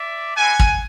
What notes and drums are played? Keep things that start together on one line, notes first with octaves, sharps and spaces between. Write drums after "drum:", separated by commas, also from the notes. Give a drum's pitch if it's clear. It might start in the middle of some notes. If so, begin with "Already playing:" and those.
Already playing: D5 E5
C4 E4 G4 F#5 G#5
drum: kick